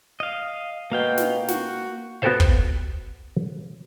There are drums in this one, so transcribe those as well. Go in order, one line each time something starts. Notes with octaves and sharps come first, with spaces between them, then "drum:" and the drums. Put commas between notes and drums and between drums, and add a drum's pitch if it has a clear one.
D#5 F5
B2 A#3 F5 G5
drum: snare
F#4, drum: snare
B3 F#4 G4 A4 C5 F5
drum: kick